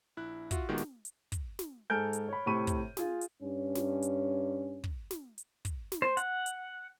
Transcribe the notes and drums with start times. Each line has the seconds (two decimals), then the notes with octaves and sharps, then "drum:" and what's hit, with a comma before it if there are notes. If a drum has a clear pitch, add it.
0.17 A#1 E4 F#6
0.51 F4 F#4 E5, drum: kick, hi-hat
0.68 A#2 D#3 G#3 B3 F#4 G4
0.78 drum: snare
1.05 drum: hi-hat
1.32 drum: kick, hi-hat
1.59 drum: snare
1.90 G#2 A4 G#5 F6 G6 D7
2.13 drum: hi-hat
2.29 C#5 B5
2.46 A2 C3 B5 C#6 D#7
2.67 drum: kick, hi-hat
2.97 F4 G#4, drum: snare
3.21 drum: hi-hat
3.42 G2 C#4
3.75 drum: snare
4.02 drum: hi-hat
4.84 drum: kick
5.11 drum: snare
5.38 drum: hi-hat
5.65 drum: kick, hi-hat
5.92 drum: snare
6.02 C5
6.17 F#5, drum: hi-hat
6.46 drum: hi-hat